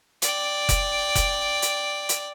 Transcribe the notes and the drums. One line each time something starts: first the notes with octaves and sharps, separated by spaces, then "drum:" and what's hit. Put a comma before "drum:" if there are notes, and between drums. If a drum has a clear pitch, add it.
D5 G5, drum: hi-hat
drum: kick F1, hi-hat
drum: kick F1, hi-hat
drum: hi-hat
drum: hi-hat